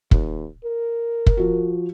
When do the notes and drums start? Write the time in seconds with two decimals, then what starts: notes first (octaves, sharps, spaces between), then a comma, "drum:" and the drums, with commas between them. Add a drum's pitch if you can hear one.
0.11 D#2, drum: kick
0.64 A#4
1.26 drum: kick
1.37 F3 F#4